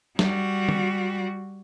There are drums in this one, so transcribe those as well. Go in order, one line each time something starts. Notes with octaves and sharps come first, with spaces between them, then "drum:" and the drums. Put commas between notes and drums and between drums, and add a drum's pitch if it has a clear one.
G3 F#4, drum: snare
drum: tom D3